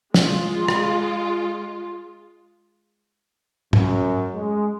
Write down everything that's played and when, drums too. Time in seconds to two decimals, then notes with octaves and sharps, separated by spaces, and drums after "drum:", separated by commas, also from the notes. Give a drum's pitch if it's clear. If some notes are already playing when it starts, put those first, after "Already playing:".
0.14 G#3 F4, drum: snare
0.68 drum: rim click
3.73 F#2, drum: tom
4.34 G#3